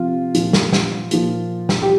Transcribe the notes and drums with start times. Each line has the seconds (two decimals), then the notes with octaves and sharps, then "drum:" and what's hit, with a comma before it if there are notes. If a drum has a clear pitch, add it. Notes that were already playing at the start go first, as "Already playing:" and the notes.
Already playing: C3 F3 F4
0.35 A#2 F3, drum: hi-hat
0.53 drum: snare
0.73 drum: snare
1.11 A#2 F3, drum: hi-hat
1.69 drum: snare
1.82 G4